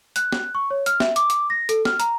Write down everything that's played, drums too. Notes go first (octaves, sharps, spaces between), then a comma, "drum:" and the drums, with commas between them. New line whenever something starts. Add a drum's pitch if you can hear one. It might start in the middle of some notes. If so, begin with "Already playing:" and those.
F#6, drum: hi-hat
drum: snare
C#6
C#5
F6, drum: hi-hat
E5, drum: snare
D6, drum: hi-hat
drum: hi-hat
A#6
A4, drum: hi-hat
F6, drum: snare
A#5, drum: hi-hat